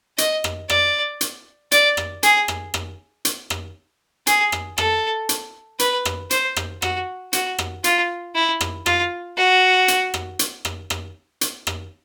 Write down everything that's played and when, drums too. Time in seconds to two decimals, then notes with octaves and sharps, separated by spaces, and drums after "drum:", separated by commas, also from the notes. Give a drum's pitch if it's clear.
0.18 D#5, drum: hi-hat
0.44 drum: rim click
0.70 D5, drum: rim click
1.21 drum: hi-hat
1.72 D5, drum: hi-hat
1.97 drum: rim click
2.23 G#4, drum: hi-hat
2.48 drum: rim click
2.74 drum: rim click
3.25 drum: hi-hat
3.50 drum: rim click
4.27 G#4, drum: hi-hat
4.52 drum: rim click
4.78 A4, drum: rim click
5.29 drum: hi-hat
5.79 B4, drum: hi-hat
6.05 drum: rim click
6.31 C5, drum: hi-hat
6.56 drum: rim click
6.82 F#4, drum: rim click
7.33 F#4, drum: hi-hat
7.59 drum: rim click
7.84 F4, drum: hi-hat
8.35 E4
8.61 drum: rim click
8.86 F4, drum: rim click
9.38 F#4
9.88 drum: hi-hat
10.14 drum: rim click
10.39 drum: hi-hat
10.65 drum: rim click
10.90 drum: rim click
11.41 drum: hi-hat
11.67 drum: rim click